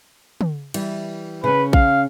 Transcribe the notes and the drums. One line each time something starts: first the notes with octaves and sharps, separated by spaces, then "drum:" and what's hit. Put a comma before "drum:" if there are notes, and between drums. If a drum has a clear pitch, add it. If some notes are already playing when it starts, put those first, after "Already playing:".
drum: tom
E3 G3, drum: cymbal
C#3 C#4 B4
F5, drum: kick